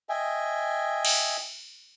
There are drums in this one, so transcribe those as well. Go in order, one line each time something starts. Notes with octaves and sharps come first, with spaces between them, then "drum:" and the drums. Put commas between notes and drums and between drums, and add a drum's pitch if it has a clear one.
D#5 E5 G5 G#5
drum: cymbal